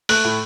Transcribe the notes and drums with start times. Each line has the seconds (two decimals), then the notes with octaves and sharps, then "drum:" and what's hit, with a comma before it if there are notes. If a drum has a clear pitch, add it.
0.09 A3 F#6, drum: open hi-hat
0.24 A2